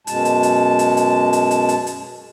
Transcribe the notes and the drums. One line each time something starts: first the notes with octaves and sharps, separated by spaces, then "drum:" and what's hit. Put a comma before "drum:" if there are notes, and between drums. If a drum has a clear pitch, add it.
F#2 B2 G#3 A5, drum: hi-hat
drum: hi-hat
drum: hi-hat
drum: hi-hat
drum: hi-hat
drum: hi-hat
drum: hi-hat
drum: hi-hat
drum: hi-hat